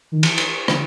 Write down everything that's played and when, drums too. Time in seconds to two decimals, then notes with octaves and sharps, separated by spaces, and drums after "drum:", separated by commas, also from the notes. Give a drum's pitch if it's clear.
0.12 D#3
0.23 E3, drum: cymbal
0.38 drum: cymbal
0.68 D3, drum: rim click